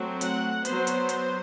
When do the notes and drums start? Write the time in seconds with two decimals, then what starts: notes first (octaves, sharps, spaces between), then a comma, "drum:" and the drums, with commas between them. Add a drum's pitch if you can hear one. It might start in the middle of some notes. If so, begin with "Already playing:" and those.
Already playing: F#3 A3 C4
0.21 F#5, drum: hi-hat
0.65 F#3 B3 C5, drum: hi-hat
0.87 drum: hi-hat
1.09 drum: hi-hat